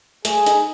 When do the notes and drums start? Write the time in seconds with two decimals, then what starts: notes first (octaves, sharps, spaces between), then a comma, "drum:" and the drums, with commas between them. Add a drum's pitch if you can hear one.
0.25 A3 G#4, drum: hi-hat
0.46 D#4, drum: hi-hat